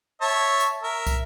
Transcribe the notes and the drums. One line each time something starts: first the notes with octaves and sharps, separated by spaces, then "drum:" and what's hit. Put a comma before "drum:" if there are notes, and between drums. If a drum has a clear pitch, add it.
C#5 E5 A5
drum: tambourine
A#4 E5
drum: kick, tambourine